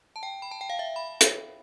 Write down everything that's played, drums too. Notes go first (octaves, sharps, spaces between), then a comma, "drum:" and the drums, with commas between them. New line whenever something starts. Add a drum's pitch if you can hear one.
A5
G5
B5
A5
G5
F5
E5
B5
drum: hi-hat